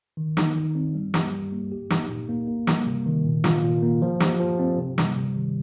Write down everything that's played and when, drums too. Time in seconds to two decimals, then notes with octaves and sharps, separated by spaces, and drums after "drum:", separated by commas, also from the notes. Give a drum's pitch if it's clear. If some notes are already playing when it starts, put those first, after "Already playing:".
0.17 D#3
0.37 D#4, drum: snare
0.56 D#3
0.75 C4
0.94 G3
1.14 G4, drum: snare
1.32 G3
1.52 A#3
1.72 G4
1.90 D#4, drum: snare
2.09 A#2
2.29 A#3
2.47 A#3
2.67 G3, drum: snare
2.87 C3
3.06 D#3
3.25 A#2
3.44 F4, drum: snare
3.63 A#2
3.83 A#3
4.02 F3
4.20 G4, drum: snare
4.40 F3
4.59 C4
4.78 C3
4.98 G3, drum: snare
5.16 C3
5.36 D#3